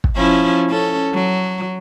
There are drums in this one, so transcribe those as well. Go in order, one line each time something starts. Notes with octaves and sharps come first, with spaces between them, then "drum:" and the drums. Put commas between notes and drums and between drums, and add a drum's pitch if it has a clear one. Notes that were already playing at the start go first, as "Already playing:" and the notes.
drum: kick
F3 C#4 E4
C#4 A4
F#3